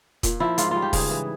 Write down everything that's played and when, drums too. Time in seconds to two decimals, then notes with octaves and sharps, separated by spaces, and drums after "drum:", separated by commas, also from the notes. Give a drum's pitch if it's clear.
0.23 A#2, drum: kick E1, hi-hat
0.40 F3 E4
0.58 G#2 F4, drum: hi-hat
0.71 G3 F4
0.82 G4
0.93 C#3 G#4, drum: kick E1, open hi-hat
1.11 E3